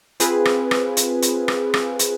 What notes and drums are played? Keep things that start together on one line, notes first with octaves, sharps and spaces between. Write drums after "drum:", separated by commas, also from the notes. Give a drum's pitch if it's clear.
C4 F4 G#4 B4, drum: hi-hat
drum: rim click
drum: rim click
drum: hi-hat
drum: hi-hat
drum: rim click
drum: rim click
drum: hi-hat